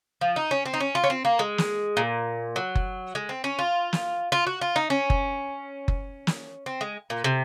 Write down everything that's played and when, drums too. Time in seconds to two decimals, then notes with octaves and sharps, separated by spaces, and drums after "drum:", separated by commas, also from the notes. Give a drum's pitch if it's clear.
0.21 F3
0.36 D#4
0.51 C#4
0.66 C4
0.74 D#4
0.80 C#4
0.95 F4
1.04 C#4
1.10 C4
1.25 A#3
1.39 G#3
1.58 drum: snare
1.97 A#2
2.56 F#3
2.75 drum: kick F#1
3.15 G#3
3.29 C4
3.44 C#4
3.59 F4
3.93 drum: snare
4.32 F4
4.47 F#4
4.61 F4
4.76 D#4
4.90 C#4
5.10 drum: kick F#1
5.88 drum: kick F#1
6.27 drum: snare
6.66 C4
6.81 G#3
7.10 A#2
7.24 C3